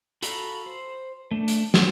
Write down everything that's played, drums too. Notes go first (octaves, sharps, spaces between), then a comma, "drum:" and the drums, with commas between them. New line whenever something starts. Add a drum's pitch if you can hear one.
F#4 A4 F5 A#5 B5, drum: hi-hat
C5
A3 D4 A5
drum: hi-hat
D#3 F#3 G4 C5, drum: snare